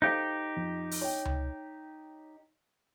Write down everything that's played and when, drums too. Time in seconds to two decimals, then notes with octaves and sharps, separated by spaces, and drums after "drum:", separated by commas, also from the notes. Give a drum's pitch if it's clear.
0.02 D#4 G4 A4 C5 F5
0.56 F2
0.91 drum: open hi-hat
1.01 C#5 G5
1.25 drum: tom C#2